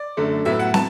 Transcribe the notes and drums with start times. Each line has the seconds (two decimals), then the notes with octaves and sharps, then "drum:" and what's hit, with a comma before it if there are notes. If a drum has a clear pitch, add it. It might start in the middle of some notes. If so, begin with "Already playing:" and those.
Already playing: D5
0.17 F#2 D3 A3
0.45 A2 F#3 B3 E5
0.59 F#5
0.74 A5, drum: snare